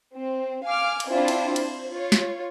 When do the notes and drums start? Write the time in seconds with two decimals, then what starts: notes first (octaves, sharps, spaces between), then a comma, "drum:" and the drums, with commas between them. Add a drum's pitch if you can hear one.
0.16 C4
0.65 F5 G#5 D6 F6
1.00 drum: cymbal
1.10 C4 D4 E4 F4 C5
1.28 drum: cymbal
1.56 C5, drum: cymbal
1.92 F4 C#5
2.12 drum: snare